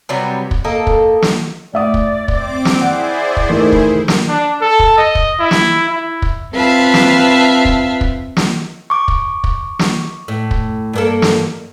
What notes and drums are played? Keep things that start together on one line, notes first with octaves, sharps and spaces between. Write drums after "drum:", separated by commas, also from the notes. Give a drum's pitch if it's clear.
C3 F#3 G3 B3
drum: kick
A#3 A4 D#5
drum: kick
drum: snare
A2 D5 E5 D#6
drum: kick
C4 D6, drum: kick
drum: snare
E4 G#4 C5 D5 F#5
drum: kick
D#3 E3 A3
drum: kick
drum: snare
D4
A4
drum: kick
D#5
drum: kick
E4
drum: snare
E4
drum: kick
C4 F4 B4 E5 F5 A5
drum: snare
drum: kick
drum: kick
drum: snare
C#6 D6
drum: kick
drum: kick
drum: snare
A2
drum: kick
G2 A#3 A4
drum: snare